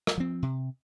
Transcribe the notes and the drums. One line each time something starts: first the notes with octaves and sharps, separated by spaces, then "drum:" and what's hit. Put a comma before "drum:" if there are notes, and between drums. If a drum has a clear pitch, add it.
drum: rim click
F3 C4
C3